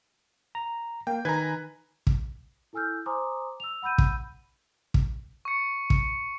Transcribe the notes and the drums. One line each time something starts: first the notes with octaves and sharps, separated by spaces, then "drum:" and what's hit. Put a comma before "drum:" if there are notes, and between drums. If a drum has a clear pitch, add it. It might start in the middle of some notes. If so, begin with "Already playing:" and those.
A#5
A#3 G5
D#3 D#4 B4 G#5 A#5 G#6
drum: kick
E4 A4 G#5 E6 F6 G6
C5 G#5 A#5 C6 D6 D#6
E6 F7
F#5 B5 E6 G6 D#7
drum: kick
drum: kick
C#6 C#7
drum: kick